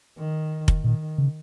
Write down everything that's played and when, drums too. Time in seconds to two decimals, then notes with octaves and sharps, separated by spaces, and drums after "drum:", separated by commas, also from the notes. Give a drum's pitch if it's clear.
0.18 D#3
0.68 drum: kick F1
0.84 A#2 D#3
1.18 C#3